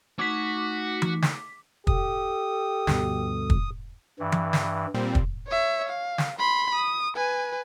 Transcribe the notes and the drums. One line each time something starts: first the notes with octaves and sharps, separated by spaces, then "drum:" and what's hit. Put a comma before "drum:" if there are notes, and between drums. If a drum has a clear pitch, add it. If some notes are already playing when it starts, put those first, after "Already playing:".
A3 D#4 F#4 D6 B6
drum: tom E3
drum: snare
G4 A4 D#6, drum: kick
D2 G2 B2, drum: snare
drum: kick
G2 E3
drum: tom E3
drum: snare
A#2 G3 C4
drum: kick
C#5 E5
F5
drum: snare
B5 C6
D#6
B4 G#5